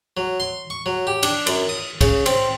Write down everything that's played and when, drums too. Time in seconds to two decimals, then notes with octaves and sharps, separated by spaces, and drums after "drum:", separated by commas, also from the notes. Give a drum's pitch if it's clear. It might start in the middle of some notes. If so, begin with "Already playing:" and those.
0.17 F#3
0.40 C6
0.70 C#6
0.86 F#3
1.07 G4
1.23 D4, drum: cymbal
1.47 F#2, drum: cymbal
1.69 D#6
2.01 C#3, drum: kick C2, cymbal
2.26 C4, drum: cymbal